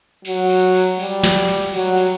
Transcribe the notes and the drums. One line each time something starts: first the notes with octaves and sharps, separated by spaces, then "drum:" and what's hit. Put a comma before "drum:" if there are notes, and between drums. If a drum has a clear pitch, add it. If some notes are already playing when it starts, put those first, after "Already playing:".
F#3, drum: cymbal
drum: cymbal
drum: cymbal
G3, drum: cymbal
drum: snare
drum: cymbal
F#3, drum: cymbal
drum: cymbal